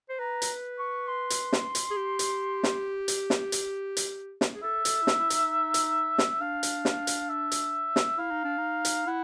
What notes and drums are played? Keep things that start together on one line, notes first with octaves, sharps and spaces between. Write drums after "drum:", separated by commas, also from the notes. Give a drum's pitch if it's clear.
C5
B4 A#5
drum: hi-hat
C#6
C6
drum: hi-hat
drum: snare
drum: hi-hat
G#4
G4
drum: hi-hat
drum: snare
drum: hi-hat
drum: snare
drum: hi-hat
drum: hi-hat
drum: snare
G#4
A4 E5
A4, drum: hi-hat
E4
D#4, drum: snare
E4
D#4, drum: hi-hat
drum: hi-hat
drum: snare
D4 F5
drum: hi-hat
drum: snare
drum: hi-hat
E5
drum: hi-hat
drum: snare
E4 F5
D#4
D4
D#4
drum: hi-hat
E4 F#5